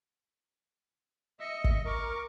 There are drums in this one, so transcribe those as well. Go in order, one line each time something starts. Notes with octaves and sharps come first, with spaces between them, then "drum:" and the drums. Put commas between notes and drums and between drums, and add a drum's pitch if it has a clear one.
D#5 E5 C#7
drum: kick
A#4 C#6 D6